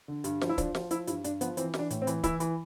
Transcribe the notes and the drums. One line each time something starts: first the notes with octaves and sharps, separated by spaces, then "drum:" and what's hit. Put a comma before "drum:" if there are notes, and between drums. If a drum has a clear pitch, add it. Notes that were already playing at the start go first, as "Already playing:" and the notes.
D3
G2, drum: hi-hat
F3, drum: snare
E4
F3 D4, drum: kick, hi-hat
F3, drum: snare
F3 E4, drum: hi-hat
G2 E4, drum: hi-hat
G2 D4, drum: hi-hat
F3 B3, drum: hi-hat
E3 C4, drum: hi-hat
E3, drum: snare
D4
A2, drum: hi-hat
C4
E3, drum: hi-hat
E3 E4, drum: kick, hi-hat
E3, drum: hi-hat